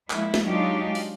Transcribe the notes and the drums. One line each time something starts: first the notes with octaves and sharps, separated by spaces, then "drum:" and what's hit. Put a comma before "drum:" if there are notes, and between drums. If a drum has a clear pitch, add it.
F3 G#3 A#3 E4, drum: clap
drum: snare
F#3 G#3 D4 D#4 F4 G4
drum: open hi-hat